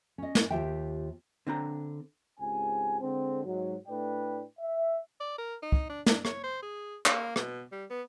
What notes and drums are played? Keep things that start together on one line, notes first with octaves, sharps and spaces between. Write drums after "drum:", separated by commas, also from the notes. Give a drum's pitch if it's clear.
C#4 D#5
drum: snare
D#2 F#3 F4 G4 E5 G5
D3 C4 D4 A#5
C#2 G#2 C4 G4 G#5
D3 G#3 C4
G#2 F#3
A2 A3 D4 B4 D5 G5
E5
D5
A#4
D#4
drum: kick
D4
D4, drum: snare
C#5, drum: rim click
C5
G#4
A#3, drum: clap
B2, drum: rim click
G3
B3